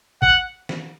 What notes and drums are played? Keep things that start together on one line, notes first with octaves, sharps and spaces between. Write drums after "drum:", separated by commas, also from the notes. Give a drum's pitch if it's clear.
F#5, drum: kick
drum: snare